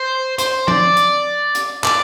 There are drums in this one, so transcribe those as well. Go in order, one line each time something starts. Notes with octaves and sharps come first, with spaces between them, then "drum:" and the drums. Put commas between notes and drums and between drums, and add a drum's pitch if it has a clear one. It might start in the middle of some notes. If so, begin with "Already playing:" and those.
Already playing: C5
C5, drum: hi-hat
D5, drum: tom F3
drum: hi-hat
drum: hi-hat
D5, drum: clap